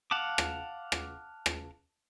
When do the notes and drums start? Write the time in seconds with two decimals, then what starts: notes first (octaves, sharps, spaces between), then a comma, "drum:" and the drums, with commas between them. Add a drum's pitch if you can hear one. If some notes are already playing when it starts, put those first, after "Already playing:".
0.11 F5 F#5 A5 D6
0.38 drum: rim click
0.92 drum: rim click
1.46 drum: rim click